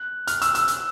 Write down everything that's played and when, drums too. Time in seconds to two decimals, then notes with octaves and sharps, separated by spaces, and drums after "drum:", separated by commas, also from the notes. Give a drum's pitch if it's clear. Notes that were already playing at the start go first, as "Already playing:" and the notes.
Already playing: F#6
0.27 F6, drum: hi-hat
0.42 E6, drum: hi-hat
0.55 E6, drum: hi-hat
0.68 drum: hi-hat